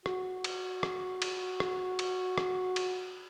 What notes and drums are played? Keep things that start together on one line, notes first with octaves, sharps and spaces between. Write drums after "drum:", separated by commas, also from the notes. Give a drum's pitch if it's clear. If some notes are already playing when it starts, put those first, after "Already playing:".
F#4, drum: rim click
drum: cymbal
drum: rim click
drum: cymbal
drum: rim click
drum: cymbal
drum: rim click
drum: cymbal